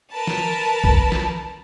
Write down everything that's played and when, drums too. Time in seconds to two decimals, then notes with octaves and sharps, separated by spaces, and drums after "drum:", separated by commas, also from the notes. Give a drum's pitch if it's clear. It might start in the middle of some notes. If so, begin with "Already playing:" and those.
0.13 A#4 B4 A5
0.27 drum: snare
0.84 drum: kick B1
1.12 drum: snare